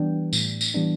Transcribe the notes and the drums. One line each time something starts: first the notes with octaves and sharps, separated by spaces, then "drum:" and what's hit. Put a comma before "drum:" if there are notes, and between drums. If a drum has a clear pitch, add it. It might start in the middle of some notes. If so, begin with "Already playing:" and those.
Already playing: E3 G3 B3 D4 G5
A2, drum: tambourine
drum: tambourine
E3 G3 B3 D4